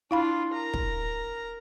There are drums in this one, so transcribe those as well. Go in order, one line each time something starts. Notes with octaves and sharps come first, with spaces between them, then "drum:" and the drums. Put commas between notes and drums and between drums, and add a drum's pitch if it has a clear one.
D4 E4 F4 F5 B5
A#4 A#5
drum: kick